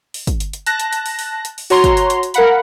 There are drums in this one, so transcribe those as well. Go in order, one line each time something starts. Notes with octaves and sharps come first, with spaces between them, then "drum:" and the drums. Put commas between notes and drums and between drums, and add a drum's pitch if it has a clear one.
drum: open hi-hat
drum: kick, hi-hat
drum: hi-hat
drum: hi-hat
A5 F#6 A#6, drum: hi-hat
drum: hi-hat
drum: hi-hat
drum: open hi-hat
drum: open hi-hat
drum: hi-hat
drum: open hi-hat
F#4 C#5 A#5 C6, drum: open hi-hat
drum: kick, hi-hat
drum: hi-hat
drum: hi-hat
drum: hi-hat
A#4 F5 F#5 B5, drum: hi-hat